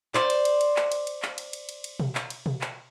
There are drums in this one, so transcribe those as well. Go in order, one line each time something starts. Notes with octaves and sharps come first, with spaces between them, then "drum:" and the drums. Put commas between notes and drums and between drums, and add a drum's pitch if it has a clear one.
C5 D5, drum: clap
drum: cymbal
drum: cymbal
drum: cymbal
drum: clap
drum: cymbal
drum: cymbal
drum: clap
drum: cymbal
drum: cymbal
drum: cymbal
drum: cymbal
drum: tom B2
drum: clap
drum: cymbal
drum: tom B2
drum: clap